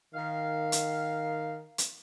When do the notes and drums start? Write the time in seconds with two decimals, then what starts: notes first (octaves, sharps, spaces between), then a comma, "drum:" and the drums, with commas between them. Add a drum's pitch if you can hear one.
0.14 D#3 F5
0.72 drum: hi-hat
1.78 drum: hi-hat